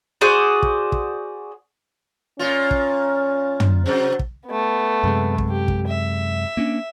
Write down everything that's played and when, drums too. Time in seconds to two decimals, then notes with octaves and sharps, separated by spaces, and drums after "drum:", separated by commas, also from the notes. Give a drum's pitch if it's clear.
0.21 F#4 G#4 C5 D5
0.62 drum: kick
0.92 drum: kick
2.39 A#2 C#4 F4
2.71 drum: kick
3.60 drum: tom
3.86 C3 F#3 C5
4.19 drum: kick
4.47 A3 B3
5.04 F#2 C3 G#3
5.38 drum: kick
5.49 G4
5.68 drum: kick
5.87 E5
6.57 A#3 C#4 D4